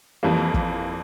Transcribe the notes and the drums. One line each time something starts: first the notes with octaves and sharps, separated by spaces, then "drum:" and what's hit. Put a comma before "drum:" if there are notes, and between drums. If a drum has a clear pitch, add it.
F2 E3 G3 A#3
drum: kick